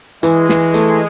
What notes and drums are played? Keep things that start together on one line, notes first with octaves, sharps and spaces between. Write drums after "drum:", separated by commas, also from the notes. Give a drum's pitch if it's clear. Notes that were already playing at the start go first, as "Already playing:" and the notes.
E3 G#3, drum: hi-hat
E3, drum: snare
A3, drum: hi-hat